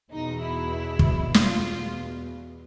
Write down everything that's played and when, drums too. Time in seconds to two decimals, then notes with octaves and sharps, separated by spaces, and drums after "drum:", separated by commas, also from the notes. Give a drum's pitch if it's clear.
0.11 E2 B2 D#4
0.41 E4
0.99 drum: kick
1.34 E2 B2 F4, drum: snare